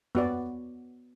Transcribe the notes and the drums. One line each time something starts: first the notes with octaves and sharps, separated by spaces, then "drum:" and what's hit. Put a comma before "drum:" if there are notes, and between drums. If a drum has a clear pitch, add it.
B3 F#4 D5, drum: tom F#2